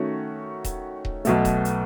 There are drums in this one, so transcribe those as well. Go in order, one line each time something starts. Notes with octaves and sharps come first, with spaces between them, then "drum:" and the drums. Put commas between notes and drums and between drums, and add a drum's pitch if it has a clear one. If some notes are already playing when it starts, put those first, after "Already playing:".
Already playing: D#3 A3 C#4 F#4
drum: kick D#1, hi-hat
drum: kick D#1
B1 B2 A3, drum: hi-hat
drum: kick D#1, hi-hat
drum: hi-hat